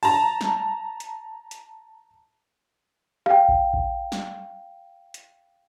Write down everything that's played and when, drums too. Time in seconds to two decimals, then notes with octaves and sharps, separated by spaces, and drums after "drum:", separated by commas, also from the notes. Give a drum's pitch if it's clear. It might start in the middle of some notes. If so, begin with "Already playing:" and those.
0.03 A5 A#5, drum: open hi-hat
0.41 drum: snare
1.00 drum: hi-hat
1.51 drum: hi-hat
3.26 F5 G5, drum: rim click
3.49 drum: kick A1
3.74 drum: kick A1
4.12 drum: snare
5.14 drum: hi-hat